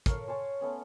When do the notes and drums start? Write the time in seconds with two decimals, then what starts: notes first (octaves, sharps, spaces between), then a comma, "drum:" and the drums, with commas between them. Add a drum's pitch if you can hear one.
0.06 A4 A#4 C#5 F5, drum: kick, hi-hat
0.27 C#5 G#5 A5 C6
0.61 A3 B3 C#4